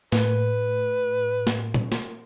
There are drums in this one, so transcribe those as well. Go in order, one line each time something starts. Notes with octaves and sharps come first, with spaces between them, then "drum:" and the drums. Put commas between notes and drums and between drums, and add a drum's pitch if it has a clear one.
A2 B4, drum: snare
drum: snare
drum: tom A#2
drum: snare